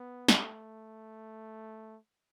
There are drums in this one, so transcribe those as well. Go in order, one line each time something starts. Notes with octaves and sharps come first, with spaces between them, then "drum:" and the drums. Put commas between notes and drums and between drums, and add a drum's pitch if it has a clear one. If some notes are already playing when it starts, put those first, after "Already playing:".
Already playing: B3
A3, drum: snare